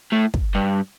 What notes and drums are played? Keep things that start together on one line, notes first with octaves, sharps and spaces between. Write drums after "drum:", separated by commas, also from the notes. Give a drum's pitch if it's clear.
A2
drum: kick
G2